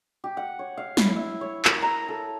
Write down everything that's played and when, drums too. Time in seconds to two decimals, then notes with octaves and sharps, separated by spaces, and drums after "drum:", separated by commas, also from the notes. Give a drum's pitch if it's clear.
0.24 G4
0.37 F#5
0.59 C#5
0.77 F5
0.97 E4, drum: snare
1.16 E5
1.41 C#5
1.65 A#4, drum: clap
1.82 A#5
2.08 A4